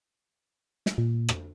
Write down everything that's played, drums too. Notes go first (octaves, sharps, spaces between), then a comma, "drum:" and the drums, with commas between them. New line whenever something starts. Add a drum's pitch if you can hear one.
drum: snare
A#2
drum: rim click